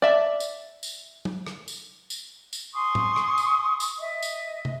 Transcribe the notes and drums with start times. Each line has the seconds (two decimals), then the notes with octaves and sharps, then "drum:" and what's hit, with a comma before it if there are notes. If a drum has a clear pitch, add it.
0.02 D5 E5 A5
0.40 drum: tambourine
0.83 drum: tambourine
1.25 drum: tom
1.47 drum: rim click
1.68 drum: tambourine
2.10 drum: tambourine
2.53 drum: tambourine
2.74 G#5 C6 C#6 D#6
2.95 drum: tom A2
3.16 drum: rim click
3.38 drum: tambourine
3.80 drum: tambourine
4.00 D#5 E5
4.22 drum: tambourine
4.65 drum: tom